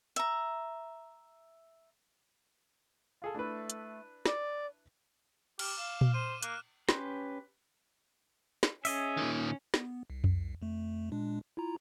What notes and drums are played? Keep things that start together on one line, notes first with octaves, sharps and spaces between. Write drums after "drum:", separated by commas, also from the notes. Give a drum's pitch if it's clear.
E5 A#5, drum: hi-hat
F4 G#4 A4
A3 D4 E4 B4
drum: hi-hat
D5, drum: snare
G4 D6 F6, drum: cymbal
F5 E7
drum: tom A#2
C5 D#7
A#3 F#6, drum: hi-hat
C#4 G4 B4 C6, drum: snare
drum: snare
C#4 G#4 D#5 E5, drum: open hi-hat
A#2 D#3
B3, drum: snare
C2
drum: tom F2
F2 A3
A#2 G#3 D4
E4 F4 A#5